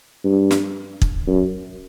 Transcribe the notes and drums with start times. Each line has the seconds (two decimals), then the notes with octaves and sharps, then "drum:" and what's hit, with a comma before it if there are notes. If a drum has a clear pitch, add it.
0.25 G2
0.51 drum: snare
1.02 drum: kick
1.27 F#2